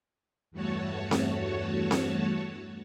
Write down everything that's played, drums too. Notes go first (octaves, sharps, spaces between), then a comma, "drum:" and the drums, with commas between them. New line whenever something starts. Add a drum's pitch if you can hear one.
E2 G2 A3 F#4 C#5 A5
drum: snare C4
drum: snare C4